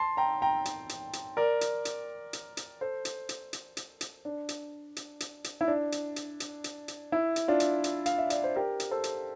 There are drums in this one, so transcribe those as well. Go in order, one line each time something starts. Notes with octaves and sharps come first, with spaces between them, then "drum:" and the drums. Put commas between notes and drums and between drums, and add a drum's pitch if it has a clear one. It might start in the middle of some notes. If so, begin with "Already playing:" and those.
Already playing: A5 C6
G5 A#5
G5 A#5
drum: hi-hat
drum: hi-hat
drum: hi-hat
A#4 D5
drum: hi-hat
drum: hi-hat
drum: hi-hat
drum: hi-hat
A4 C5
drum: hi-hat
drum: hi-hat
drum: hi-hat
drum: hi-hat
drum: hi-hat
D4
drum: hi-hat
drum: hi-hat
drum: hi-hat
drum: hi-hat
E4
D4
drum: hi-hat
drum: hi-hat
drum: hi-hat
drum: hi-hat
drum: hi-hat
E4
drum: hi-hat
D4 F4
drum: hi-hat
drum: hi-hat
F5, drum: hi-hat
E5
D5, drum: hi-hat
C5
G4 A#4
drum: hi-hat
A4 C5
drum: hi-hat